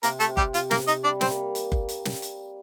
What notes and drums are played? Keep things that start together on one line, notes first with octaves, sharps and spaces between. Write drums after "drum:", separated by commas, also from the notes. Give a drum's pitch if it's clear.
C3 A#3 A#4, drum: hi-hat
A3 A4, drum: hi-hat
C3
G3 G4, drum: kick F#1
C3 F4, drum: hi-hat
A#3 A#4, drum: snare
C3
D#4 D#5, drum: hi-hat
G3 D4 D5
C4 C5, drum: snare
A#3
drum: hi-hat
drum: kick F#1
drum: hi-hat
drum: snare
drum: hi-hat